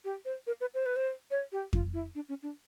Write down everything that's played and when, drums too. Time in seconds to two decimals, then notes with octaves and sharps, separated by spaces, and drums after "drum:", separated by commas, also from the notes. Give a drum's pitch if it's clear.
0.05 G4
0.25 C5
0.47 A#4
0.61 B4
0.74 C5
0.86 B4
0.96 C5
1.31 C#5
1.52 G4
1.73 F4, drum: kick F2
1.93 E4
2.15 D4
2.29 C#4
2.43 D4